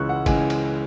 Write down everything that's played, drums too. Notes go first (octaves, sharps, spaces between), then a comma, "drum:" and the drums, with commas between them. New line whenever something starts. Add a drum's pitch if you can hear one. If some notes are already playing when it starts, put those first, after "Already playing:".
Already playing: C#2 C#3 E3 G#3 C#6 E6 F#6
F#5
C#3 E3 G#3 G#5, drum: kick, cymbal
drum: cymbal